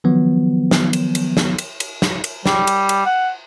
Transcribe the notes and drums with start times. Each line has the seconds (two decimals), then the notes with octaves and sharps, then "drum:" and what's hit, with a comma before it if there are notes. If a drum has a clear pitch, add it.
0.04 D#3 F3 F#3 B3
0.71 drum: snare
0.93 drum: cymbal
1.15 drum: cymbal
1.37 drum: snare
1.58 drum: cymbal
1.80 drum: cymbal
2.02 drum: snare
2.24 drum: cymbal
2.46 G3, drum: snare
2.67 drum: cymbal
2.89 drum: cymbal
3.06 F#5